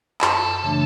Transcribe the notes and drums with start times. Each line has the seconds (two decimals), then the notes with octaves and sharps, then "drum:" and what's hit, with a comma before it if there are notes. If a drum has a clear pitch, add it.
0.21 F#2 A4, drum: clap
0.63 C#3 E3 A3 D4